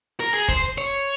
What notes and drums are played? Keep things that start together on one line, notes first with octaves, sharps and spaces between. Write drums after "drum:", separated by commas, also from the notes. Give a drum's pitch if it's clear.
A#4
G#4
C5, drum: kick, hi-hat
C#5